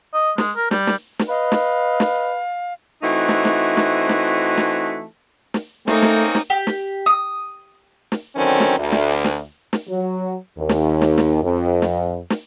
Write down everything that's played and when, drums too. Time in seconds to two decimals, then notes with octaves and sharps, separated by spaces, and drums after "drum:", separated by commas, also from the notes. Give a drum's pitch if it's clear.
0.14 D#5
0.38 G#3, drum: snare
0.56 A#4
0.71 G3, drum: snare
0.87 drum: snare
1.19 drum: snare
1.29 B4 D#5 F5
1.52 drum: snare
2.00 drum: snare
3.03 E3 A3 C4 D#4 F#4
3.29 drum: snare
3.45 drum: snare
3.77 drum: snare
4.09 drum: snare
4.58 drum: snare
5.54 drum: snare
5.88 A3 A#3 C4 C#4 D#4 D#6, drum: snare
6.02 drum: snare
6.35 drum: snare
6.50 G4
6.67 drum: snare
7.06 D#6
8.12 drum: snare
8.36 D3 D#3 F#3 C4 C#4
8.60 drum: snare
8.78 D2
8.92 drum: snare
9.24 drum: snare
9.73 drum: snare
9.88 F#3
10.59 D#2
10.69 drum: snare
11.02 drum: snare
11.18 drum: snare
11.43 F2
11.82 drum: snare
12.30 drum: snare